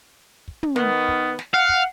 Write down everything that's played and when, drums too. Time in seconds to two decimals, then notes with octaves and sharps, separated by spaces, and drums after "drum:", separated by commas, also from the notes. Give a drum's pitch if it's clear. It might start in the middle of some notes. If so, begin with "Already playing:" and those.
0.48 drum: kick
0.63 drum: tom
0.76 D#3 B3, drum: snare
1.08 drum: kick
1.39 drum: snare
1.54 F5 F#5
1.69 drum: kick